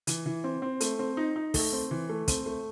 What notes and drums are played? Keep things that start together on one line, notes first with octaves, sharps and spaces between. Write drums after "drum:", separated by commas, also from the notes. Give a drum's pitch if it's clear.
E3, drum: hi-hat
E3
C4
C4
A3, drum: hi-hat
C4
D#4
D#4
A3, drum: kick, open hi-hat
C4
E3
A3
C4, drum: kick, hi-hat
A3